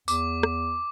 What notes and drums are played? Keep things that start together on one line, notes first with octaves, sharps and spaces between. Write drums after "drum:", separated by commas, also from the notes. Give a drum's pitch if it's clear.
E2 D6, drum: tambourine
drum: rim click